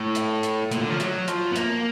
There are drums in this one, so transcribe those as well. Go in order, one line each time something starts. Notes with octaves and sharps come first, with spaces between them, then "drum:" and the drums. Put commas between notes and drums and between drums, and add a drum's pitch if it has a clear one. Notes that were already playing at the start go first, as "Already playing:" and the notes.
Already playing: A2
drum: hi-hat
drum: hi-hat
A#2, drum: hi-hat
D3
F3
F#3, drum: hi-hat
F3, drum: hi-hat
B3
A#3, drum: hi-hat